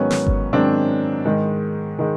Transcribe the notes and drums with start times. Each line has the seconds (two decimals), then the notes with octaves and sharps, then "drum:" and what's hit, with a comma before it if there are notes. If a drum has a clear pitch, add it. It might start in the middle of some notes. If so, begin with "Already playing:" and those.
Already playing: G#2 D#3 F#3 B3 C#4
0.11 drum: snare
0.27 drum: kick G1
0.53 G#2 D#3 F#3 C4 D4
1.25 G#2 D#3 G#3
1.99 D#3 G#3